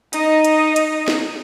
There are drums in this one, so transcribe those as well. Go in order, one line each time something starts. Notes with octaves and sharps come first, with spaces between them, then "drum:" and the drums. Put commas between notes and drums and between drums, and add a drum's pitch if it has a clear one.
D#4 D#5, drum: hi-hat
drum: hi-hat
drum: hi-hat
drum: snare